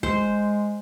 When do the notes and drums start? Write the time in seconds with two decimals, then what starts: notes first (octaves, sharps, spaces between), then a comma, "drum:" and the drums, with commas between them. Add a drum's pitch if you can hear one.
0.03 G#3 C5, drum: kick